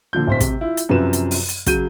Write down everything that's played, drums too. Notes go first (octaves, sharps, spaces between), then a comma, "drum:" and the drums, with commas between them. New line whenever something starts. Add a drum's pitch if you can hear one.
A#2 D3 F3 G6
D1 C5 B6
C3, drum: kick, hi-hat
E4 F4
drum: hi-hat
F#2 C3 F3 B4 E7
drum: hi-hat
drum: open hi-hat
drum: hi-hat
C#3 F#3 G6 D#7, drum: kick, hi-hat